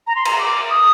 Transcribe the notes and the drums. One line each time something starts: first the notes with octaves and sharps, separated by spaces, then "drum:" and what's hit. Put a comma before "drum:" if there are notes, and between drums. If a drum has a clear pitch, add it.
A#5
C6
A#5, drum: cymbal
D6
D#6